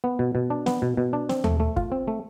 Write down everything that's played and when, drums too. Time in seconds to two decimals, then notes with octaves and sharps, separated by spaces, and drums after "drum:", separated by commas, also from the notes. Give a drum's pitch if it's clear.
0.04 B3
0.19 B2
0.35 B2
0.50 D4
0.66 B3, drum: snare
0.82 B2
0.97 B2
1.13 D4
1.29 C4, drum: snare
1.44 A3, drum: tom D#2
1.60 A3
1.76 F4, drum: kick
1.92 C4
2.08 A3